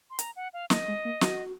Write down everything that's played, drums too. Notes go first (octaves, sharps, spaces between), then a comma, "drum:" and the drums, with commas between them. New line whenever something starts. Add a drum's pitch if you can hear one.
C6
A#5, drum: hi-hat
F#5
F5
A#3 D#5, drum: snare
G#3
A#3
F#4, drum: snare